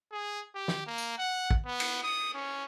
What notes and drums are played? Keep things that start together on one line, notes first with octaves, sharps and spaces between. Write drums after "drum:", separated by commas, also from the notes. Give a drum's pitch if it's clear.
G#4
G4
drum: snare
A#3
drum: tambourine
F#5
drum: kick
B3
drum: cymbal
D#6
C#4